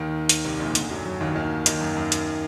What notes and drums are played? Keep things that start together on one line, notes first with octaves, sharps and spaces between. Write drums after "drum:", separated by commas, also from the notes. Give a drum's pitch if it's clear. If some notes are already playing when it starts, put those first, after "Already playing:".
Already playing: D#2 D#3
drum: hi-hat
C2 C3
A#1 A#2
C3
D2 D3, drum: hi-hat
F#2 F#3
F#2 F#3
D#2 D#3
D#2 D#3
D#2 D#3, drum: hi-hat
F#2
F#2
drum: hi-hat